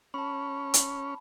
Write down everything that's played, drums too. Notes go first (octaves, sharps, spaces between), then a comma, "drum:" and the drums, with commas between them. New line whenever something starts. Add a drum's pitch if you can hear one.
C#4 A5 B5
drum: hi-hat